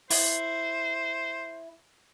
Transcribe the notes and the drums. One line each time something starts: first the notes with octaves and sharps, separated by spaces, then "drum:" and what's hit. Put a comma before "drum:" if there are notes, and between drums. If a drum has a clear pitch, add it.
E4 C5, drum: open hi-hat